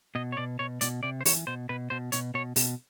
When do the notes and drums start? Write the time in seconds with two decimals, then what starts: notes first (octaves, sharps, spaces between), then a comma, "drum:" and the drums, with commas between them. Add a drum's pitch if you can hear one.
0.15 B2 D#5
0.32 C#5
0.37 B2 D5
0.59 B2 C#5
0.81 B2 D5, drum: hi-hat
1.03 C3 D5
1.21 C5
1.25 E3 C#5, drum: open hi-hat
1.47 B2 C5
1.69 B2 B4
1.90 B2 C5
2.12 B2 C#5, drum: hi-hat
2.34 B2 C#5
2.56 B2, drum: open hi-hat